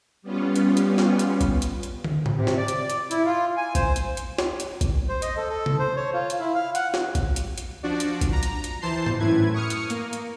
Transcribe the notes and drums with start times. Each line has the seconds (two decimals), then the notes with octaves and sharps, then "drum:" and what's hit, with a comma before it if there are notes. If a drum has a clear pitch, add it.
0.22 G3 B3 C#4 F4
0.56 drum: hi-hat
0.77 drum: hi-hat
0.98 drum: snare
1.19 drum: hi-hat
1.41 drum: kick, hi-hat
1.62 drum: hi-hat
1.83 drum: hi-hat
2.04 drum: tom
2.26 drum: tom G#2
2.35 C3
2.47 drum: snare
2.57 D5
2.68 drum: hi-hat
2.90 drum: hi-hat
3.11 E4, drum: hi-hat
3.25 F4
3.57 G#5
3.75 C5, drum: kick, hi-hat
3.96 drum: hi-hat
4.17 drum: hi-hat
4.38 drum: snare
4.60 drum: hi-hat
4.81 drum: kick, hi-hat
5.09 C5
5.22 D#5, drum: hi-hat
5.37 A4
5.50 A4
5.66 drum: tom C3
5.79 C5
5.97 C#5
6.13 F4
6.30 drum: hi-hat
6.40 E4
6.55 F5
6.75 F#5, drum: hi-hat
6.94 drum: snare
7.15 drum: kick, hi-hat
7.36 drum: hi-hat
7.58 drum: hi-hat
7.83 F3 D4 F#4 D5
8.00 drum: hi-hat
8.21 drum: kick, hi-hat
8.32 A#5
8.43 drum: hi-hat
8.64 drum: hi-hat
8.81 E3 C5 A5 C6 C7
9.06 drum: tom G#2
9.20 F#2 A2 E4 B4 G#6
9.54 C#6 D#6 F6 C#7
9.70 drum: hi-hat
9.90 A#3, drum: hi-hat
10.13 drum: hi-hat